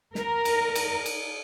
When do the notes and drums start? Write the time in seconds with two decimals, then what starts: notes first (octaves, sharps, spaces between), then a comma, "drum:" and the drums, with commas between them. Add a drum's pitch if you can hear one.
0.15 A#4, drum: snare
0.45 drum: cymbal
0.75 drum: cymbal
1.06 drum: cymbal